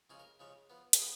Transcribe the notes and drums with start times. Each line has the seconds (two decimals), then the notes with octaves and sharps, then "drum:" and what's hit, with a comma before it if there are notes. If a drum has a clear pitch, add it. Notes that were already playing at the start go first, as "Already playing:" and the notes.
0.10 C#3 F3 G#3 C#4 G#4
0.20 A#4
0.40 C#3 F3 G#3 C#4
0.70 F3 B3
0.93 A#4, drum: hi-hat
0.99 F3 B3 G#4